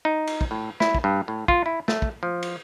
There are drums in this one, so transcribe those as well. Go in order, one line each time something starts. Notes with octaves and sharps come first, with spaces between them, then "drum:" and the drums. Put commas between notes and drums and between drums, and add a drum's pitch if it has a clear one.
D#4
drum: cymbal
drum: kick
A2
E4, drum: snare
drum: kick
G2
A2
F4, drum: kick
E4
A3, drum: snare
drum: kick
F3
drum: cymbal